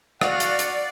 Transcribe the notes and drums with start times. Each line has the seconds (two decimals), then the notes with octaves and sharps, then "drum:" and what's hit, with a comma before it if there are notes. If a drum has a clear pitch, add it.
0.21 F#4 D5 F5 F#5, drum: rim click
0.40 drum: hi-hat
0.59 drum: hi-hat